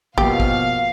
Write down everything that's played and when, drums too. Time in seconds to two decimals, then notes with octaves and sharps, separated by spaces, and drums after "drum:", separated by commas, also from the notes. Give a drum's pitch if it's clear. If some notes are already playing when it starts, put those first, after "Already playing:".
0.18 B2 F3 A#3 G4 F5, drum: kick
0.40 drum: kick